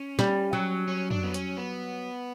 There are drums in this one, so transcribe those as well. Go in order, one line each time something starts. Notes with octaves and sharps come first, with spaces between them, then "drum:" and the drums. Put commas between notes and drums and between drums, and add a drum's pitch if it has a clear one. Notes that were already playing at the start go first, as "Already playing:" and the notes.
Already playing: C#4
G3, drum: snare
F#3
C#4
D4, drum: tom
B3
C#4, drum: hi-hat
B3